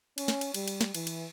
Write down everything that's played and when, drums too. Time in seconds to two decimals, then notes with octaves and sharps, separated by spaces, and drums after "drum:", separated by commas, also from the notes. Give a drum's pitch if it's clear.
0.18 C#4, drum: cymbal
0.28 drum: snare
0.41 drum: cymbal
0.54 G3, drum: cymbal
0.68 drum: cymbal
0.81 drum: snare
0.95 E3, drum: cymbal
1.07 drum: cymbal